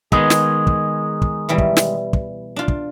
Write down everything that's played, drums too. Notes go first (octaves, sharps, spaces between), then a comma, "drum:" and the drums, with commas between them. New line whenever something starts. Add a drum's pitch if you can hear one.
D#3 G#3 B3 G#4, drum: kick
drum: snare
drum: kick
drum: kick
B2 E3 G3
drum: kick
drum: snare
drum: kick
D4 F4
drum: kick